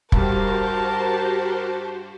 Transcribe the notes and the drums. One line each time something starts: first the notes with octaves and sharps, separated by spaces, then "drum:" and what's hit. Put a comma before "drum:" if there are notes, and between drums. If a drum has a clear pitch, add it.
G2 G3 F#4 G4 A#4 C5 A5, drum: kick